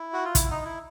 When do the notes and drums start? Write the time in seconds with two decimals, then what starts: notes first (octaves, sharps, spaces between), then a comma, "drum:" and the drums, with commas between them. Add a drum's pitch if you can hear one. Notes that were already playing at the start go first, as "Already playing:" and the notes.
Already playing: E4
0.13 F#4
0.25 F4
0.35 E4, drum: kick, hi-hat
0.51 D#4
0.65 E4